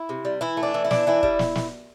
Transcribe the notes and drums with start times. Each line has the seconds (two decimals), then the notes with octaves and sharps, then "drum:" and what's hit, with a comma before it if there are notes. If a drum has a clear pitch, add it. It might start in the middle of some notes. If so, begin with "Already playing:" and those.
Already playing: E4
0.09 C3
0.25 G3
0.41 E3 E4
0.57 A3
0.63 D4
0.74 E3
0.84 E4
0.91 D4, drum: snare
1.07 E3 E4
1.23 G3, drum: kick
1.39 drum: snare
1.55 drum: snare